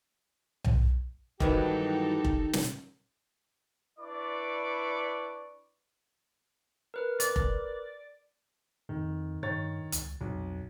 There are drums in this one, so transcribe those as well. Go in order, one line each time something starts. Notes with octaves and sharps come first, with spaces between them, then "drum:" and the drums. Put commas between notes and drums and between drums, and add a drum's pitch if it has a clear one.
drum: tom B1
G2 D#3 E3 F#3 D#4 G4 A4, drum: kick F1
drum: kick F1
drum: snare
D4 E4 B4 D5 C#6 D6
A#4 B4 F6
D5, drum: hi-hat
drum: kick F1
F2 D#3
G2 D#3 C#5 A6
C#2, drum: hi-hat
B1 F2